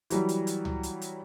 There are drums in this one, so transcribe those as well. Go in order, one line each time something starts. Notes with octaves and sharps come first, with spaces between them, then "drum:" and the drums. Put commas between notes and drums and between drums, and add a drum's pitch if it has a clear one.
E3 F#3 G3, drum: hi-hat
drum: hi-hat
drum: hi-hat
drum: tom C#2
drum: hi-hat
drum: hi-hat